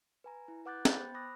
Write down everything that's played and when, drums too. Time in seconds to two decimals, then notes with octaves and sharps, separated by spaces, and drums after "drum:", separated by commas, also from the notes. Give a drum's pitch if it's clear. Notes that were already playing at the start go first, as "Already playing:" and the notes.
0.24 B4 G#5 A#5
0.48 E4
0.65 B4 F#5 D6 F#6 G6 A6
0.85 B3 G5 B5 G6 A6, drum: snare
0.99 C5
1.14 B5 D6 D#6 F#6 A#6